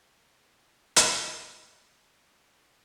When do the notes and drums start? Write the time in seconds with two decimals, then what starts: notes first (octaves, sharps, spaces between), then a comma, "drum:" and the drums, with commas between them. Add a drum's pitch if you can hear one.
0.10 A#3 E4 A#4 D5
0.96 drum: hi-hat